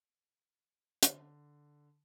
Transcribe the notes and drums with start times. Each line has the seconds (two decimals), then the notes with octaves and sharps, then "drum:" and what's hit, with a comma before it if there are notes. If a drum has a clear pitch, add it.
1.03 D3, drum: hi-hat